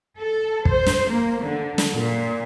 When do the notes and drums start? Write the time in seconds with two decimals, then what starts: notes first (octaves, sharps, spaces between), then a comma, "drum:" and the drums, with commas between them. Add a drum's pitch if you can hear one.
0.18 A4
0.65 C5, drum: kick
0.86 drum: snare
1.08 A#3
1.40 D3
1.78 drum: snare
1.94 A#2